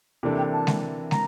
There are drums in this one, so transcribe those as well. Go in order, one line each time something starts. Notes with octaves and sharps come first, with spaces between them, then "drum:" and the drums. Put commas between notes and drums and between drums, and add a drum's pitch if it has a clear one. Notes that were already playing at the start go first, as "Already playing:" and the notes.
C3 E3 A#3 D4 A4
G5
A5
drum: snare
A#5, drum: snare